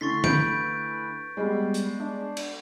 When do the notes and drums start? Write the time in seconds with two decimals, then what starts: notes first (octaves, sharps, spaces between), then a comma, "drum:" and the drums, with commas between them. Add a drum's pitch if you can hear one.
0.01 D3 E3 A3 C6 C#6 A6 B6
0.24 B4 B5 G6 D7, drum: tom
1.37 G3 G#3 B3
1.74 drum: hi-hat
1.99 D4
2.37 drum: cymbal